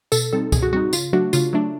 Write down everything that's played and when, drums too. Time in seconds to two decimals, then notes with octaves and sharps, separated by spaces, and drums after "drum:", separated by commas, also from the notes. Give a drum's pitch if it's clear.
0.12 B2 A4, drum: tambourine
0.33 G3 C4 D#4 A4
0.52 B2 G#4, drum: kick C#2, tambourine
0.63 F#4
0.73 G3 C4 D#4 F#4
0.93 C#3 F4, drum: tambourine
1.13 F#3 A3 D4 F#4
1.33 C#3 F4, drum: tambourine
1.53 F#3 A3 D4